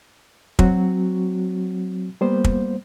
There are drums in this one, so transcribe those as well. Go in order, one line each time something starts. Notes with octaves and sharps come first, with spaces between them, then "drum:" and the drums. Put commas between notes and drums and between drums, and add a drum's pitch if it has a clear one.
F#3 C4 F#4, drum: kick
G3 A#3 B3 C5
drum: kick